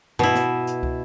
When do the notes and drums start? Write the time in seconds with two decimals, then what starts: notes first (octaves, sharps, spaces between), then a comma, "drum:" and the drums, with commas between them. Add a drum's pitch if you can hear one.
0.19 B2 E4, drum: tom
0.35 drum: snare
0.67 drum: hi-hat
0.83 drum: kick